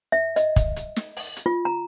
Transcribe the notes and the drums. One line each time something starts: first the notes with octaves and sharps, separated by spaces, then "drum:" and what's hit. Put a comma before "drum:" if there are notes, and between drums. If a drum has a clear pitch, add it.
E5
D#5, drum: hi-hat
drum: kick, hi-hat
drum: hi-hat
drum: snare
drum: open hi-hat
drum: hi-hat
F4
A#5